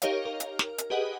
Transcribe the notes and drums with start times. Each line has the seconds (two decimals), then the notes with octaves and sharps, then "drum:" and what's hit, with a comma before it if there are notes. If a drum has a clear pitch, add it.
0.02 D#4 G4 A#4 C#5 D#5 F5, drum: hi-hat
0.25 A#4
0.40 drum: hi-hat
0.59 drum: snare
0.78 drum: hi-hat
0.90 G4 G#4 B4 D#5 F#5